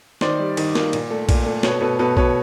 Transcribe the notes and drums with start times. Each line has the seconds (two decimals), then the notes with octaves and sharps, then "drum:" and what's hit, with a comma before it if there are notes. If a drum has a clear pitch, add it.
0.21 D#3 C5 D5, drum: snare
0.39 G3
0.57 D#3, drum: cymbal
0.75 A#3, drum: snare
0.93 A#2, drum: cymbal
1.10 A3
1.29 A#2, drum: kick A#1, cymbal
1.46 A3
1.63 B2 B4 C#5, drum: snare
1.81 B2 A4 B4
1.99 B2 A4 B4
2.17 B2 B4 C#5, drum: kick A#1